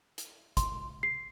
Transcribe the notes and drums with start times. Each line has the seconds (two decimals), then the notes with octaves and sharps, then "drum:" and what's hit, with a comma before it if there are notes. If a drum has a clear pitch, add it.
0.18 drum: hi-hat
0.57 C6, drum: kick, hi-hat
1.03 C7